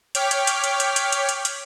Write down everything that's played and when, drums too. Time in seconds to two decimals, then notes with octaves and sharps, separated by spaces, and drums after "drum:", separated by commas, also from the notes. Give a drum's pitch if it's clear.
0.15 C#5 G5 D6 F6 B6, drum: hi-hat
0.31 drum: hi-hat
0.47 drum: hi-hat
0.64 drum: hi-hat
0.80 drum: hi-hat
0.96 drum: hi-hat
1.12 drum: hi-hat
1.29 drum: hi-hat
1.45 drum: hi-hat